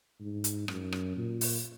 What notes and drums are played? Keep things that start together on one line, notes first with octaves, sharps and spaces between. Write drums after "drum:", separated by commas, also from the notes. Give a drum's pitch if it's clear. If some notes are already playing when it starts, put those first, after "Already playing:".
G#2
drum: hi-hat
F#2, drum: rim click
drum: rim click
A#2
drum: open hi-hat